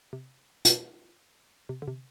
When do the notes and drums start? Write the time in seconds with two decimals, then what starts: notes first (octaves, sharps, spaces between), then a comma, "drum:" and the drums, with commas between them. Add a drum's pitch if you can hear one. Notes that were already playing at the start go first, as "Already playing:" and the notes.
0.13 C3
0.65 B2, drum: hi-hat
1.69 C3
1.82 D3
1.88 C3